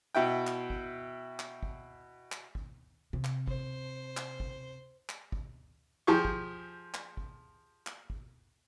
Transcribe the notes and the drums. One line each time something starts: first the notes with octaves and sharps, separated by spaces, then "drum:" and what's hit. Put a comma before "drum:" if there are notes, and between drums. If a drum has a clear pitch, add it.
B2 E4 G5
drum: clap
drum: kick
drum: clap
drum: kick
drum: clap
drum: kick
C3
drum: clap
C5, drum: kick
drum: clap
drum: kick
drum: clap
drum: kick
F3 G4 G#4 C#6
drum: kick
drum: clap
drum: kick
drum: clap
drum: kick